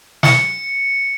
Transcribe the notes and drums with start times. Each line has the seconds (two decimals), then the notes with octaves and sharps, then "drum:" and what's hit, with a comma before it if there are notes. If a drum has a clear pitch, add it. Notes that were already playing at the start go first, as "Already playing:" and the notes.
0.23 C#7, drum: snare